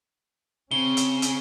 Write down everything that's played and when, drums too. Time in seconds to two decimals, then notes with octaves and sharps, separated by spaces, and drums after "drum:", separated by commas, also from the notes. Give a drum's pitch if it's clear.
0.71 C#3 C4 C#4 G7
0.97 drum: hi-hat
1.22 drum: hi-hat